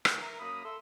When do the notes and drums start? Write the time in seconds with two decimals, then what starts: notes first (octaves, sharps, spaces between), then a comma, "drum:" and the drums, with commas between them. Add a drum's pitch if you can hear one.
0.05 A#2 D3 E3 F#3, drum: rim click
0.20 A#4 E5
0.40 F#2 A#3 B5 D#6
0.64 A4 E5 C6 E6